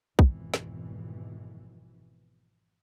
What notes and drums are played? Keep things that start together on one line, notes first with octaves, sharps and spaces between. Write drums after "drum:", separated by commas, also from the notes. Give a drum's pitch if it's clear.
G#1 F2 B2 E3, drum: kick
drum: snare